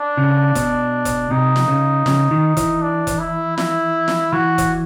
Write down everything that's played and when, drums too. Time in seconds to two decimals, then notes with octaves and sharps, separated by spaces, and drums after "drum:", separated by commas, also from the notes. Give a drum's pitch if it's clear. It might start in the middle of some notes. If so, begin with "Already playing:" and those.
Already playing: D4
0.17 C#3
0.55 B2, drum: kick E1, hi-hat
1.05 drum: kick E1, hi-hat
1.31 C3 D#4
1.56 drum: snare
1.68 C#3
2.06 C#3, drum: snare
2.31 D#3
2.57 E3, drum: kick E1, hi-hat
2.82 D4
3.07 drum: kick E1, hi-hat
3.19 E4
3.58 E4, drum: snare
4.08 drum: snare
4.33 E3 F#4
4.58 drum: kick E1, hi-hat